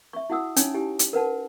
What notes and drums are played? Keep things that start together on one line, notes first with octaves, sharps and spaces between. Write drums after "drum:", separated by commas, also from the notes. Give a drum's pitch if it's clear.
E5 C#6
E4 F#4 F#5 D#6 E6
C#4 D#4 C#5 G#5, drum: hi-hat
E4 G4 G#5
drum: hi-hat
A#4 B4 F#5 A5